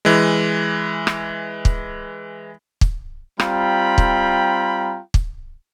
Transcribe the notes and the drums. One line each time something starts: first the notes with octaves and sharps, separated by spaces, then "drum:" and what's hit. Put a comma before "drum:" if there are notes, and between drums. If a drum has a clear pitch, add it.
E3 G#3
drum: rim click
drum: kick
drum: kick
G3 C4 F4 G5 A#5 B5, drum: rim click
drum: kick
drum: kick